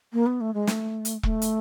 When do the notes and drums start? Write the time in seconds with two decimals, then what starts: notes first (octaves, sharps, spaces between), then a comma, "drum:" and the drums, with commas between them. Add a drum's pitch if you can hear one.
0.13 A#3
0.26 B3
0.41 A3
0.54 G#3
0.67 A3, drum: snare
1.05 drum: hi-hat
1.23 A3, drum: kick E1
1.42 drum: hi-hat